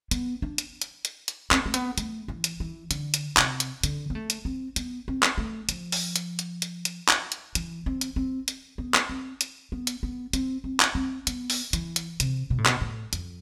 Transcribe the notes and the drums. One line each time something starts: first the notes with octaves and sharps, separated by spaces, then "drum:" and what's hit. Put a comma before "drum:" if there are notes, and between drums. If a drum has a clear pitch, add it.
B3, drum: hi-hat
D4
drum: hi-hat
drum: hi-hat
drum: hi-hat
drum: hi-hat
C4, drum: clap
B3
A3
B3, drum: hi-hat
A3, drum: hi-hat
E3
drum: hi-hat
E3
D3, drum: hi-hat
drum: hi-hat
C3, drum: clap
drum: hi-hat
D3, drum: hi-hat
B3
A3
drum: hi-hat
C4
B3, drum: hi-hat
C4
drum: clap
A3
F3, drum: hi-hat
drum: open hi-hat
drum: hi-hat
drum: hi-hat
drum: hi-hat
drum: hi-hat
drum: clap
drum: hi-hat
E3, drum: hi-hat
C4
drum: hi-hat
C4
drum: hi-hat
B3
drum: clap
C4
drum: hi-hat
B3
drum: hi-hat
B3
C4, drum: hi-hat
C4
drum: clap
C4
B3, drum: hi-hat
drum: open hi-hat
E3, drum: hi-hat
drum: hi-hat
C3, drum: hi-hat
B2
A2
B2, drum: clap
A2
F2, drum: hi-hat